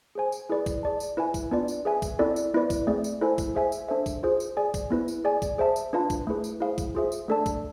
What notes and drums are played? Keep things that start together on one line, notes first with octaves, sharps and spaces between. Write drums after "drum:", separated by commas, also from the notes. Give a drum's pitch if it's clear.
G#4 C5 G#5
drum: tambourine
E4 G#4 B4 D5
drum: kick A#1, tambourine
G#4 D5 A5
drum: tambourine
E4 B4 E5 G#5
drum: kick A#1, tambourine
B3 D4 F4 B4 D5
drum: tambourine
G#4 B4 E5 G#5
drum: kick A#1, tambourine
C4 E4 A4 D5
drum: tambourine
B3 E4 B4 D5
drum: kick A#1, tambourine
A3 C4 G#4 D5
drum: tambourine
E4 A4 C5 G#5
drum: kick A#1, tambourine
G#4 C5 E5 G#5
drum: tambourine
D4 A4 C5 E5
drum: kick A#1, tambourine
F4 G#4 C5
drum: tambourine
G#4 D5 G#5
drum: kick A#1, tambourine
B3 E4 B4
drum: tambourine
G#4 D5 G#5
drum: kick A#1, tambourine
G#4 C5 E5 A5
drum: tambourine
D4 F4 B4 F5 A5
drum: kick A#1, tambourine
A3 E4 G#4 B4
drum: tambourine
E4 G#4 C5 F5
drum: kick A#1, tambourine
F4 G#4 C5 E5
drum: tambourine
A3 D4 A4 D5 A5
drum: kick A#1, tambourine